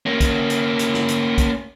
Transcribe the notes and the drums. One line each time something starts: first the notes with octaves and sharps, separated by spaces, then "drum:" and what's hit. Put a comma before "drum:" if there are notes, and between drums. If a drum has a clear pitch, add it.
A#3 C#4
drum: kick, hi-hat
drum: hi-hat
drum: hi-hat
drum: snare
drum: hi-hat
drum: kick, hi-hat